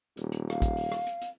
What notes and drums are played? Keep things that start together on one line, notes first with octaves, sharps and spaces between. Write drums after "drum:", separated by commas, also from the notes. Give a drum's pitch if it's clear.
D#1, drum: hi-hat
drum: hi-hat
F5, drum: rim click
drum: kick, hi-hat
drum: open hi-hat
drum: rim click
drum: hi-hat
drum: hi-hat